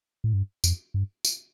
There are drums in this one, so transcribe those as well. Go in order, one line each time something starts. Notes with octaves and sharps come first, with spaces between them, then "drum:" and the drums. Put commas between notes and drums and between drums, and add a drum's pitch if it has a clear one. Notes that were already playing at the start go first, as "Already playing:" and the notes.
A2
G2
F2, drum: tambourine
G2
drum: tambourine